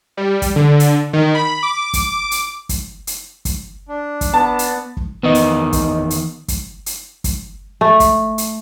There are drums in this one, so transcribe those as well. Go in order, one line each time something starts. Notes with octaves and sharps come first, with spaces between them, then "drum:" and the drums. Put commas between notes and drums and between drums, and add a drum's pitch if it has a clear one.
G3
drum: kick, hi-hat
D3
drum: hi-hat
D#3
B5
D6
drum: kick, hi-hat
drum: hi-hat
drum: kick, hi-hat
drum: hi-hat
drum: kick, hi-hat
D4
drum: kick, hi-hat
B3 A5
drum: hi-hat
drum: kick
E2 D#3 B3 D#5
drum: hi-hat
drum: kick, hi-hat
drum: hi-hat
drum: kick, hi-hat
drum: hi-hat
drum: kick, hi-hat
A3
drum: kick, hi-hat
drum: hi-hat